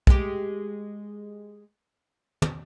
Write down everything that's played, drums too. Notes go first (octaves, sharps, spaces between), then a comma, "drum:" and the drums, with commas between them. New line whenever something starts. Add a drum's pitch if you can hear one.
G#3 G4, drum: kick
drum: tom